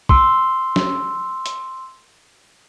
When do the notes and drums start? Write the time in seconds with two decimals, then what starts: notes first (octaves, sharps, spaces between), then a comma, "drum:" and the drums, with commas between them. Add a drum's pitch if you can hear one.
0.09 C6 E6, drum: kick
0.76 drum: snare
1.46 drum: hi-hat